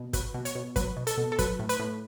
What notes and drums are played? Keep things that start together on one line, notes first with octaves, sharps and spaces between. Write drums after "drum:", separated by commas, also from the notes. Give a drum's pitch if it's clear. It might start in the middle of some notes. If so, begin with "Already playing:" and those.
Already playing: B2
F#3 B4, drum: kick, hi-hat
B2
C#5, drum: hi-hat
B2
F#3 B4, drum: kick, hi-hat
B2
A4, drum: hi-hat
B2
A4
F#3 B4, drum: kick, hi-hat
A2
B4, drum: hi-hat
A2